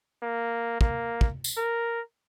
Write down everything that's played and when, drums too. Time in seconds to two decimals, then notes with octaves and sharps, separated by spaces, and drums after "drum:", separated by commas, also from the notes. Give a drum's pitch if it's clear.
0.22 A#3
0.81 A#3, drum: kick
1.21 drum: kick
1.44 drum: tambourine
1.57 A#4